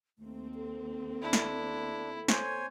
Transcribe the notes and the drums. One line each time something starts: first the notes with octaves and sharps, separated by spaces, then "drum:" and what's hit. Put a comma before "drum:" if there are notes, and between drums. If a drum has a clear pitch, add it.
D#2 A3 A#3 C4
A4
D4 E4
drum: snare
C5 C#5 G#5, drum: snare